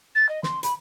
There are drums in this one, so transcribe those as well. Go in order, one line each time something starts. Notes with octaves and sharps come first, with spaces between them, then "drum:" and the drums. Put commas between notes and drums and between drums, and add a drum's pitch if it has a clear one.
A6
D#5
C6, drum: snare
B5, drum: hi-hat